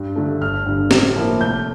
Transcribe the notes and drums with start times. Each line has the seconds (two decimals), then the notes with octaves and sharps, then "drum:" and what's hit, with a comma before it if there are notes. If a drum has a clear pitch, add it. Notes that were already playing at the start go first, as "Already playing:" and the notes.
Already playing: G2
0.16 D3 A3
0.41 G1 F6
0.66 G2 D3
0.91 A2, drum: snare
1.16 F3 A#3 E4
1.40 F1 G6